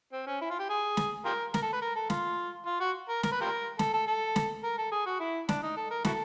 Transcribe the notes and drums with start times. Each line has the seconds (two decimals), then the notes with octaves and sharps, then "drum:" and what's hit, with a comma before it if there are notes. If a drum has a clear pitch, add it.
0.12 C4
0.26 C#4
0.41 E4
0.50 F4
0.60 G4
0.69 G#4
0.97 drum: snare
1.25 F4 G4 A#4
1.54 A#4, drum: snare
1.62 A4
1.73 B4
1.82 A#4
1.95 A4
2.10 F4, drum: snare
2.66 F4
2.80 F#4
3.09 A#4
3.23 A#4, drum: snare
3.32 B4
3.41 F4 G4 A#4
3.79 A4, drum: snare
3.94 A4
4.07 A4
4.36 drum: snare
4.64 A#4
4.78 A4
4.92 G#4
5.06 F#4
5.20 E4
5.49 D4, drum: snare
5.63 D#4
5.77 A4
5.91 A#4
6.05 E4 F#4 A4, drum: snare